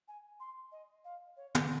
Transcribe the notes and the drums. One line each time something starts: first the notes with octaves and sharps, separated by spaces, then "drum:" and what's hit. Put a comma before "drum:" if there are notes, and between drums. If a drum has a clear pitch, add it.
G#5
C6
D#5
F5
C#5
drum: tom